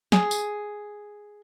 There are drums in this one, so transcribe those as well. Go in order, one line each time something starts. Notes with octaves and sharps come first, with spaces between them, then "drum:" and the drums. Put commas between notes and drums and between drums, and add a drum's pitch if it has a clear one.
G#4, drum: snare
drum: tambourine